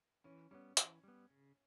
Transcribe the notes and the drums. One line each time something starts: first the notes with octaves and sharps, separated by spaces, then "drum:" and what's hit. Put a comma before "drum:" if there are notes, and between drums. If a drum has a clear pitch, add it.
E3 C#4
G3 B3 C#4
E3, drum: hi-hat
G3 B3
C#3